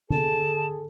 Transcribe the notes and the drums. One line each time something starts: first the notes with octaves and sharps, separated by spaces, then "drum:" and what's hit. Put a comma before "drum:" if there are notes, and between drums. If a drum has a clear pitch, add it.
G#4 A4 A5, drum: tom D3